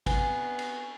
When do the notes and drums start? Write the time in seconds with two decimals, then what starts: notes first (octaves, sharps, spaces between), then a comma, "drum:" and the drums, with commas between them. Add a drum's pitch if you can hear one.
0.06 B3 G#5, drum: kick, cymbal
0.59 drum: cymbal